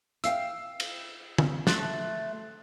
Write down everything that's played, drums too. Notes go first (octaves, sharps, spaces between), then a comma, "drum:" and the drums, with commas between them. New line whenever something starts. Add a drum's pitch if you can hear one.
E5 F5 G5 E6 C7, drum: hi-hat
drum: cymbal
drum: tom
A3 C6 F#6 A6, drum: snare